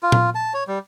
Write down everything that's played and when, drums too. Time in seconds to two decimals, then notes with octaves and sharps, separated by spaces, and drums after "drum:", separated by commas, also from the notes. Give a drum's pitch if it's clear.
0.03 F4
0.12 drum: tom A#2
0.35 A5
0.54 C#5
0.67 G3